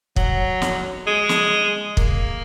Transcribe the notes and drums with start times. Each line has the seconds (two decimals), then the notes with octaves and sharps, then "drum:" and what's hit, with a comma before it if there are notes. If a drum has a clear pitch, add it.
0.16 F#3, drum: kick
0.62 drum: snare
1.07 G#3
1.29 drum: snare
1.97 A#3, drum: kick